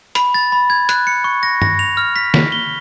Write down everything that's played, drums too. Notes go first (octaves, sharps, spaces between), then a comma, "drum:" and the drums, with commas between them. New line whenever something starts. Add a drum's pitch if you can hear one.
B5, drum: hi-hat
A6
B5
G#6
F#6, drum: hi-hat
C#7
C#6
A#6
A#6, drum: tom G2
F7
F6
B6
B6, drum: snare
G7